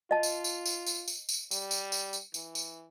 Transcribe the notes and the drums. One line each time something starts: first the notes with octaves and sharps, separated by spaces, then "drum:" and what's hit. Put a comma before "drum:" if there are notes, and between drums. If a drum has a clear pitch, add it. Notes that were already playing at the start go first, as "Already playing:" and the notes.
F4 D#5 A5
drum: tambourine
drum: tambourine
drum: tambourine
drum: tambourine
drum: tambourine
drum: tambourine
G3, drum: tambourine
drum: tambourine
drum: tambourine
drum: tambourine
E3, drum: tambourine
drum: tambourine